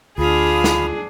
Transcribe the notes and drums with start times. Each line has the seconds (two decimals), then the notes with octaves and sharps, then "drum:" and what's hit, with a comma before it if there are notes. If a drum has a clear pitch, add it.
0.18 D2 D4 F4 G#4 F5 B5 D#6
0.64 drum: snare